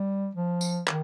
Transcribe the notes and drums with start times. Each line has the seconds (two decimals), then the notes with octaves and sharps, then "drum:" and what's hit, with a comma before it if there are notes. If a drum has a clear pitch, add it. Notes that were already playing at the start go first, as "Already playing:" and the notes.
Already playing: G3
0.35 F3
0.61 drum: tambourine
0.87 D#3, drum: clap